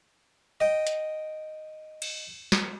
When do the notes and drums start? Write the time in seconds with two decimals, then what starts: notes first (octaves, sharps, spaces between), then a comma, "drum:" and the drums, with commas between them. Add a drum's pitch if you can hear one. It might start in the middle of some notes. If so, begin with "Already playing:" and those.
0.60 D#5 G5
0.87 drum: hi-hat
2.02 drum: cymbal
2.52 drum: snare